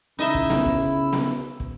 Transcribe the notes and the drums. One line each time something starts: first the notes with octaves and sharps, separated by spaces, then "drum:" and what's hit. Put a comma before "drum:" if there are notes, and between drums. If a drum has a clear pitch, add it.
C#3 D#4 E4 D#5 E5 E6
drum: kick
drum: snare B3
drum: kick
drum: snare B3
drum: kick